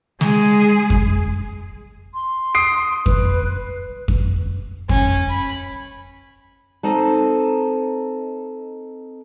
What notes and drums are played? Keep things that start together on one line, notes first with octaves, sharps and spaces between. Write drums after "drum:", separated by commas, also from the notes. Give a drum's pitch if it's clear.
G#3 G#4, drum: snare
drum: kick F2
C6
D#6 C7 D7
B4, drum: kick F2
drum: kick F2
C#4, drum: kick F2
B5
C4 D#4 A4